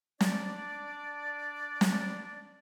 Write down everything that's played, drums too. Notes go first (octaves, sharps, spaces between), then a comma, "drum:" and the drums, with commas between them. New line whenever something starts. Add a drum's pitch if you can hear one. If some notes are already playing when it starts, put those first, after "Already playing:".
D4 D5, drum: snare
drum: snare